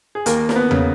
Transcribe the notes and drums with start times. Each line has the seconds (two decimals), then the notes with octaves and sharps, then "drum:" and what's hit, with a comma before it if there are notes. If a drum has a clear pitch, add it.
0.15 G#4
0.26 D#2 A#3 A#4, drum: hi-hat
0.49 A#4, drum: snare
0.55 B3 B4
0.71 C#3, drum: tom E2